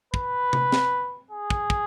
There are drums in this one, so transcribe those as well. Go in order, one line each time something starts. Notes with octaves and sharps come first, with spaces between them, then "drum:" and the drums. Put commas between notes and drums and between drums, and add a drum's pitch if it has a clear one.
B4, drum: kick
drum: tom C3
drum: snare
G#4
drum: kick
drum: kick